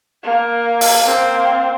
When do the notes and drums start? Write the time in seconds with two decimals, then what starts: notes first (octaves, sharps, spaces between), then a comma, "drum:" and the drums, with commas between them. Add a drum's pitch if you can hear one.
0.23 A#3
0.81 drum: open hi-hat
1.04 A#3 C4